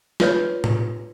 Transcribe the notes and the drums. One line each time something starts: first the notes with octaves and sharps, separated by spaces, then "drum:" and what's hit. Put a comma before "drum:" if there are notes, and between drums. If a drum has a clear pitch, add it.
F4 B4 C#5, drum: snare
drum: tom A2